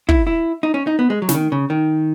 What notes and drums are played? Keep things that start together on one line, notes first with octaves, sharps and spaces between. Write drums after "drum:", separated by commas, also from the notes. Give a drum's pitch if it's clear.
E4, drum: kick
E4
D#4
C#4
D#4
B3
G#3
F#3
C#3, drum: snare
D#3
C#3
D#3